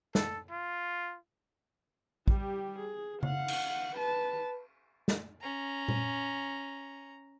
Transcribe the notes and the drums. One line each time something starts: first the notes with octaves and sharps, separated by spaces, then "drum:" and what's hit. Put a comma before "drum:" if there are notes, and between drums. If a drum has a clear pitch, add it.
A4, drum: snare
F4
G3 G4, drum: kick
G#4
F5 F#5, drum: tom C#3
drum: cymbal
B4 A5
drum: snare
C#4 A#5
drum: tom A#2